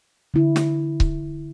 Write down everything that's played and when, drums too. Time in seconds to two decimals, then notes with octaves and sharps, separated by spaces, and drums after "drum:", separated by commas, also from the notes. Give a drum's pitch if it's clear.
0.34 D3 E4
0.56 drum: snare
1.00 drum: kick C#1